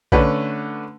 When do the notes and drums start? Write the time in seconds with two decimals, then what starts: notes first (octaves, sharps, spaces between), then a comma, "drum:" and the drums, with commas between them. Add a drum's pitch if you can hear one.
0.12 D3 A3 C#4 B4, drum: kick A#1